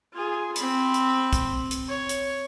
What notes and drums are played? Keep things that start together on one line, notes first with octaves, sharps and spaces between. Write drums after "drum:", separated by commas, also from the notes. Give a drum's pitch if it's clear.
F4 G#4
C4 B5, drum: hi-hat
drum: hi-hat
drum: kick, hi-hat
drum: hi-hat
C#5
drum: hi-hat